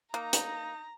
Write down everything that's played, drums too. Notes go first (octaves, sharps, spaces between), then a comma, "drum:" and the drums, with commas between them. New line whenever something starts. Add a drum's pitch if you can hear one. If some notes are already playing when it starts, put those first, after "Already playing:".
A#3 D#4 A#5
drum: hi-hat